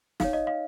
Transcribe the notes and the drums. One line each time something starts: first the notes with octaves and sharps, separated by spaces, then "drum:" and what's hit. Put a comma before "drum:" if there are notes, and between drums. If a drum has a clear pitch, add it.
D#4 C#5 F5, drum: snare
D#5
F5